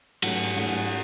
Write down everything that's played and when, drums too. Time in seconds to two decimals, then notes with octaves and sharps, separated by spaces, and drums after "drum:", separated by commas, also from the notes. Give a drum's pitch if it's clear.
0.22 G#2 F#3 A3 C#4, drum: cymbal
0.56 G#2 F#3 A3 C#4